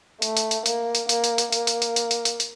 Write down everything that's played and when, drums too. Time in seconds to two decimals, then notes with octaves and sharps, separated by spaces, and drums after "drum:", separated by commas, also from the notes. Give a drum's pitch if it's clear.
0.22 A3, drum: hi-hat
0.37 drum: hi-hat
0.51 drum: hi-hat
0.66 A#3, drum: hi-hat
0.95 drum: hi-hat
1.09 A#3, drum: hi-hat
1.24 drum: hi-hat
1.38 drum: hi-hat
1.52 A#3, drum: hi-hat
1.67 drum: hi-hat
1.82 drum: hi-hat
1.96 drum: hi-hat
2.11 drum: hi-hat
2.25 drum: hi-hat
2.40 drum: hi-hat